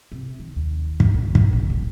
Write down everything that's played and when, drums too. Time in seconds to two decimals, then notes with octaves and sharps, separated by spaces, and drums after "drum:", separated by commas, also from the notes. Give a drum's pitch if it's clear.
0.12 C3
0.40 D#3
0.56 D#2
1.00 F#1, drum: kick
1.14 B1
1.35 drum: kick
1.53 A#1
1.70 E1